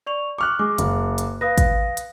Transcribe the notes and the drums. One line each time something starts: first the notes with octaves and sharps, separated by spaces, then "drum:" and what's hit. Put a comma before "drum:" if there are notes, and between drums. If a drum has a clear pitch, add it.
D5 C#6 F7
C#6 D6 F6 F#6
G#3 D6
F#1, drum: hi-hat
drum: hi-hat
B4 F5 D#6 A#6
drum: kick, hi-hat
drum: hi-hat